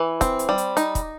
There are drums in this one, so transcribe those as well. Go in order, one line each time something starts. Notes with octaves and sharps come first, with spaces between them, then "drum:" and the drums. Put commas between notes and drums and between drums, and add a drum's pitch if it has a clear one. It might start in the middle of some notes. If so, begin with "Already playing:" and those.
Already playing: E3
C4, drum: kick, hi-hat
drum: hi-hat
G3
drum: hi-hat
D#4, drum: hi-hat
drum: kick, hi-hat